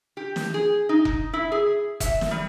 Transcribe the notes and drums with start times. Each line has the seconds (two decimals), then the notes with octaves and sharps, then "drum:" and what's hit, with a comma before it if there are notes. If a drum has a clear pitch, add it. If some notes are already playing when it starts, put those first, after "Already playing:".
0.17 G4
0.36 drum: snare
0.54 G#4
0.89 D#4
1.05 drum: kick F1
1.33 E4
1.52 G#4
2.00 E5, drum: kick F1, hi-hat
2.21 drum: snare
2.31 G3